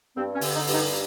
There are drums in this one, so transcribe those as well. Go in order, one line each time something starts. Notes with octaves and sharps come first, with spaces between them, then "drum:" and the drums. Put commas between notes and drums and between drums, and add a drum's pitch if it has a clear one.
G2 C4
C#4
D3, drum: open hi-hat
D#4
G2, drum: open hi-hat
D#4